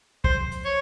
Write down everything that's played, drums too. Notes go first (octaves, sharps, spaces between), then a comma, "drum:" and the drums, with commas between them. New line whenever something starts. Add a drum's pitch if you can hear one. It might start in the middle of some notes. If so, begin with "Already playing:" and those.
C5, drum: kick
drum: hi-hat
C#5